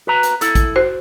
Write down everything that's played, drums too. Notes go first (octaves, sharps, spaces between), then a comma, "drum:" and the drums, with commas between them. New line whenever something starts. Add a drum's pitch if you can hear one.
F#4 B4 A#5
drum: hi-hat
E4 A4, drum: hi-hat
drum: kick, hi-hat
F#4 C5